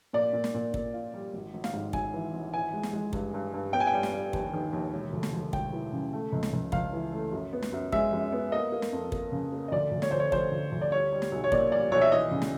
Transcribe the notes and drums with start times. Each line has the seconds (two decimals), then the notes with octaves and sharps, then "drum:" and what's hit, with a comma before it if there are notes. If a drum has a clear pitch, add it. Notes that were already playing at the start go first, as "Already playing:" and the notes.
0.13 A#2 D5
0.33 A#2
0.44 drum: snare
0.54 A#2
0.74 A#2, drum: kick
0.94 F4
1.14 G3
1.33 G#1
1.54 G#1
1.64 F5, drum: snare
1.73 G#2
1.93 G#1 G#5, drum: kick
2.14 E3
2.34 G#1
2.54 E3 G#5
2.73 G#3
2.83 drum: snare
2.93 G#3
3.13 G2, drum: kick
3.34 G2
3.54 G2
3.73 B3 G5
3.80 G#5
3.87 G5
3.93 G3
4.03 drum: snare
4.13 G3
4.33 D#2, drum: kick
4.53 D#3
4.73 D#2
4.93 E1
5.13 D2
5.23 drum: snare
5.33 D2
5.53 E1 G5, drum: kick
5.73 E3
5.93 C#3
6.13 A3
6.32 C#2
6.43 drum: snare
6.53 C#2
6.72 C#2 F5, drum: kick
6.93 E3
7.12 A3
7.32 F#2
7.53 B3
7.63 drum: snare
7.72 F#2
7.92 G#3 E5, drum: kick
8.12 F#2
8.32 B3
8.52 A#3 D#5
8.72 A#3
8.82 drum: snare
8.92 F2
9.12 A#3, drum: kick
9.32 C#3
9.52 A#3
9.68 D#5
9.72 D2 D5
9.91 D2
10.02 C#5, drum: snare
10.11 D2 C5
10.20 C#5
10.32 D2 C5, drum: kick
10.52 D2
10.72 D2
10.81 D5
10.91 G3 C#5
11.12 G3
11.22 drum: snare
11.32 B1
11.44 C#5
11.52 A#2 D5, drum: kick
11.72 G3 D5
11.91 B1 C#5
12.01 E5
12.12 E3 D#5
12.31 C#3
12.42 drum: snare